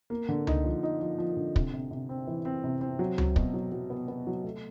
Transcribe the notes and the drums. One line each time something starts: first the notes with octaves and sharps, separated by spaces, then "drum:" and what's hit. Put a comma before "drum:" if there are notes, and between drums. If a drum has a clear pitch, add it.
A#3
D3
D#4, drum: tom C#2
F3
D#4
F3
F3
D3
C3, drum: kick
C3
C3
C4
E3
C4
C3
C4
F#3
F#3, drum: tom C#2
B2, drum: kick
F#3
F#3
B3
B3
F#3
A3